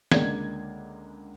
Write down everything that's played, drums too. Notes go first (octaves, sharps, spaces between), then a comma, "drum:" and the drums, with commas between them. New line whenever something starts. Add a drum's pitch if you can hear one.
C#2 D3 G#3 A#3 D5 G#6, drum: snare